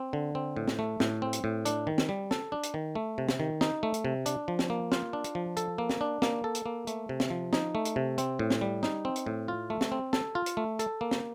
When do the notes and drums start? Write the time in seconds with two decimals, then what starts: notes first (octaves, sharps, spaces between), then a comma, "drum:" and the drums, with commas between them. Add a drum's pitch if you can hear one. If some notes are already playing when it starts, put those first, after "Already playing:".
Already playing: C4
0.13 D3
0.35 C4
0.56 A2
0.68 drum: snare
0.79 A3
1.00 A2, drum: snare
1.22 C4
1.33 drum: hi-hat
1.44 A2
1.65 D4, drum: hi-hat
1.87 D#3
1.98 drum: snare
2.09 G3
2.31 A4, drum: snare
2.52 D4
2.63 drum: hi-hat
2.74 D#3
2.95 A3
3.18 C3
3.29 drum: snare
3.40 D#3
3.61 D#4, drum: snare
3.83 A3
3.94 drum: hi-hat
4.05 C3
4.26 D4, drum: hi-hat
4.48 F3
4.59 drum: snare
4.70 A#3
4.92 F4, drum: snare
5.13 D4
5.24 drum: hi-hat
5.35 F3
5.57 A4, drum: hi-hat
5.78 A#3
5.89 drum: snare
6.01 D4
6.22 A#3, drum: snare
6.44 A4
6.55 drum: hi-hat
6.66 A#3
6.87 A3, drum: hi-hat
7.09 C3
7.20 drum: snare
7.30 F3
7.53 D#4, drum: snare
7.75 A3
7.85 drum: hi-hat
7.96 C3
8.18 C4, drum: hi-hat
8.39 A2
8.50 drum: snare
8.61 G3
8.83 D#4, drum: snare
9.05 C4
9.16 drum: hi-hat
9.26 A2
9.48 F4
9.70 A3
9.81 drum: snare
9.92 C4
10.13 A4, drum: snare
10.35 F4
10.46 drum: hi-hat
10.57 A3
10.79 A4, drum: hi-hat
11.01 A#3
11.11 drum: snare